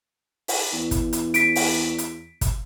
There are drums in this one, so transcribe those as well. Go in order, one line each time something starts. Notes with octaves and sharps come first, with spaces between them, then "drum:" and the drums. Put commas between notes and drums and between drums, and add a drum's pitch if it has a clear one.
drum: open hi-hat
E2
drum: kick, hi-hat
drum: hi-hat
B6 D7, drum: hi-hat
drum: open hi-hat
drum: hi-hat
drum: kick, hi-hat